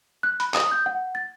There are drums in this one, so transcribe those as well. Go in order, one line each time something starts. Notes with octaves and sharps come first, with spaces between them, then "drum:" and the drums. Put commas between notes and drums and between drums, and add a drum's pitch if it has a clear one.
F#6
B5, drum: hi-hat
D#6, drum: clap
G6
F#5
A6